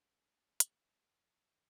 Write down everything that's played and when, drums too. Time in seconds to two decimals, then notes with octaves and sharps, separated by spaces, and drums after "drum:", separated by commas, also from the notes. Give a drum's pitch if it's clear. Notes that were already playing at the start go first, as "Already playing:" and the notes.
Already playing: D2 D3 G#3 C#4 C#5 D5 F5
0.13 D2 G#5
0.60 D3 G#3 C#4, drum: hi-hat
1.08 F2
1.53 D3